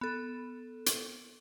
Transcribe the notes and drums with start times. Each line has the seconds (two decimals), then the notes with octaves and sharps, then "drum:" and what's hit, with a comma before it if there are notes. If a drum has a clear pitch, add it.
0.01 B3 A4
0.86 drum: hi-hat